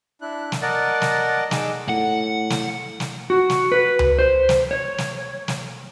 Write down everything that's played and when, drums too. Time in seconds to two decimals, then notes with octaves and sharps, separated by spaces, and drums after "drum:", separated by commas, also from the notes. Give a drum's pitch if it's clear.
0.22 D4 E4 F#6
0.52 drum: snare
0.62 A#4 D5 D#5 F#5 A5
1.02 drum: snare
1.51 D#4 G#4 D#5 D6 E6, drum: snare
1.89 A2 F#5
2.50 drum: snare
3.00 drum: snare
3.30 F#4
3.50 drum: snare
3.72 B4
3.99 drum: tom C#2
4.19 C5
4.49 drum: snare
4.71 C#5
4.98 drum: snare
5.48 drum: snare